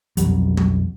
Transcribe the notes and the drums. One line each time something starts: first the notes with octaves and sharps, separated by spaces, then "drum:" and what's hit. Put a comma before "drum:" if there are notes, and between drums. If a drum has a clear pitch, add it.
B1 F2 F#3 G3, drum: hi-hat
drum: tom